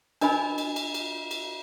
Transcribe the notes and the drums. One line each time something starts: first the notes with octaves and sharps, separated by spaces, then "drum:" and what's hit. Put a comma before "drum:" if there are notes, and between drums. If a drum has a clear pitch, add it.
D4 A#4 D#5 G#5 B5, drum: cymbal
drum: cymbal
drum: cymbal
drum: cymbal
drum: cymbal